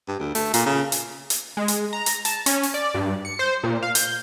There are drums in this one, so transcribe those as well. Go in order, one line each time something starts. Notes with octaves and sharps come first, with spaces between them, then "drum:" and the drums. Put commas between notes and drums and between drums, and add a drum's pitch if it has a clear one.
G2
D2
A3, drum: open hi-hat
A#2, drum: hi-hat
C#3
drum: hi-hat
drum: hi-hat
G#3
drum: hi-hat
A#5
drum: hi-hat
A5, drum: hi-hat
C#4, drum: hi-hat
drum: open hi-hat
D5
G2
C#7
C5
A#2
F5
G6, drum: hi-hat